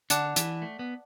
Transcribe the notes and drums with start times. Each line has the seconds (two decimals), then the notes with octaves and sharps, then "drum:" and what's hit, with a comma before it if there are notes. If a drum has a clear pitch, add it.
0.10 D3 D5 F#5 A5 D6 F#6, drum: hi-hat
0.36 E3, drum: hi-hat
0.62 A3
0.79 B3